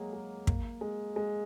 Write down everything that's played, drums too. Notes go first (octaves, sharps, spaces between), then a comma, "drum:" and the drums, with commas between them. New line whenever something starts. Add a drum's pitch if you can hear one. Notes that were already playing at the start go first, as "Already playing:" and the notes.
Already playing: F#3 G#3 A#3
G#3
A#3, drum: kick
G#3
G#3